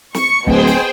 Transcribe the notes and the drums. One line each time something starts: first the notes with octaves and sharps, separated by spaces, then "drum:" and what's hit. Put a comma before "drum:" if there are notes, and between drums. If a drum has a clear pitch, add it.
C#6 C#7, drum: snare
D1 B2 B3 G#4 C5 G5, drum: kick
drum: snare